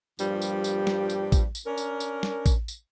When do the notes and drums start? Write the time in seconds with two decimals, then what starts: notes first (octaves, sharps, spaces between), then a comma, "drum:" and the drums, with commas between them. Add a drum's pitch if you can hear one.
0.19 G2 A#2 F3 G3 G4, drum: tambourine
0.42 drum: tambourine
0.64 drum: tambourine
0.87 drum: snare
1.10 drum: tambourine
1.32 drum: kick A1, tambourine
1.55 drum: tambourine
1.66 C#4 D4 A#4
1.78 drum: tambourine
2.00 drum: tambourine
2.23 drum: snare
2.46 drum: kick A1, tambourine
2.68 drum: tambourine